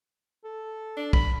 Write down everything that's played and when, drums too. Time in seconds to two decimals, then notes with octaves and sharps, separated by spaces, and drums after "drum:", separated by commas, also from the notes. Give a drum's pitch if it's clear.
0.44 A4
0.97 D4
1.13 B5, drum: kick